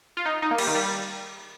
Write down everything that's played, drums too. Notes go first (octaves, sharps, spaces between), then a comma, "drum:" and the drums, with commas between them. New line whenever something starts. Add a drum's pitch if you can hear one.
F4
D#4
D#4
A#3
G3, drum: cymbal
D#3
G3